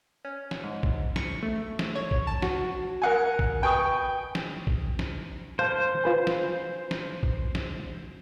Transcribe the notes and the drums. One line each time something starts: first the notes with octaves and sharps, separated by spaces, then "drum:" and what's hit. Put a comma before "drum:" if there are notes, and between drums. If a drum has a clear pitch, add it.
C#4
drum: snare
G#2
drum: kick
C#6, drum: snare
A3
drum: snare
C#5
drum: kick
A5
F#4, drum: snare
A#4 F#5 G#5
drum: kick
B4 G5 G#5 C#6 D#6
drum: snare
drum: kick
drum: snare
C5 F5 A5
F4 B4 G#5
drum: snare
drum: snare
drum: kick
drum: snare